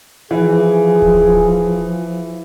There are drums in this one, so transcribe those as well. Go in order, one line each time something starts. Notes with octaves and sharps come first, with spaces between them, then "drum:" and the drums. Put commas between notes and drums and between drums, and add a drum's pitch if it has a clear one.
E3 F3 G#4
drum: kick D1